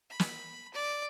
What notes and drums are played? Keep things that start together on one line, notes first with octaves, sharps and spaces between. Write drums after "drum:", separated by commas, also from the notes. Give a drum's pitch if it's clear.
B5
drum: snare
D5